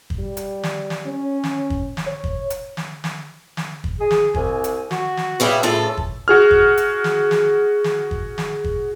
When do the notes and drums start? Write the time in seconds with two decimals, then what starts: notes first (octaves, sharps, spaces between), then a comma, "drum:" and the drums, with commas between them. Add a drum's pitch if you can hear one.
0.10 drum: kick
0.19 G3
0.37 drum: hi-hat
0.63 drum: snare
0.90 drum: snare
1.06 C#4
1.44 drum: snare
1.70 drum: kick
1.97 drum: snare
2.07 C#5
2.24 drum: kick
2.50 drum: hi-hat
2.77 drum: snare
3.04 drum: snare
3.57 drum: snare
3.84 drum: kick
3.99 G#4
4.11 drum: snare
4.34 C2 G#5, drum: kick
4.64 drum: hi-hat
4.91 F#4, drum: snare
5.17 drum: snare
5.40 G3 C#4 E4 F4 G#4 B4
5.63 A2 C#3 E3 A#3 F4 A4
5.97 drum: kick
6.28 F#4 G#4 F6
6.51 drum: kick
6.78 drum: hi-hat
7.04 drum: snare
7.31 drum: snare
7.84 drum: snare
8.11 drum: kick
8.38 drum: snare
8.64 drum: kick